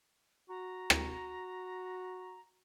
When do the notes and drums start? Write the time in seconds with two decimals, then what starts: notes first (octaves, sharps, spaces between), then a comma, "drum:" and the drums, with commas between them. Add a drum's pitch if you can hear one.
0.49 F#4 A#5
0.90 drum: rim click